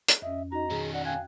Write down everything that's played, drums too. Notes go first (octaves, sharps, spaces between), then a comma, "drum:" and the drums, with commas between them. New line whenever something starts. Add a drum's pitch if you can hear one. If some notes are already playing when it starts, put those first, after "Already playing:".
drum: hi-hat
F2 C#4 D#5 E5
D#4 F#4 D#5 A#5
D#3 C#4 G#4
D5 F#5
F5 G5 G#5 F#6 G#6